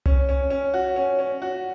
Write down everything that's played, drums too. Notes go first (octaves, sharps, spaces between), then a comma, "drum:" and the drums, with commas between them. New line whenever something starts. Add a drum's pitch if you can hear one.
C#4, drum: tom C2
C#4
C#4
F#4
C#4
C#4
F#4